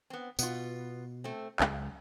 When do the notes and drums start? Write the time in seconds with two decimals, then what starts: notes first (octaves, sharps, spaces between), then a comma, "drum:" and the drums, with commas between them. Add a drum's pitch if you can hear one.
0.10 B3 C4
0.39 B2 B3 F4, drum: tambourine
1.24 A3 C4
1.60 C#2 F#2 G#3, drum: clap